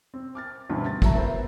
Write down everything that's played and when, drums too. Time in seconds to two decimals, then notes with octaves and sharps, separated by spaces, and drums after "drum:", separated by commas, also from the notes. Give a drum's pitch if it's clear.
0.14 C4
0.35 D6 F6 A6
0.70 D2 G2 B2 E3 C#4
0.86 A6
1.02 F#3 A3 E5 A#5, drum: kick
1.15 B3 E4 A#4 C5 E5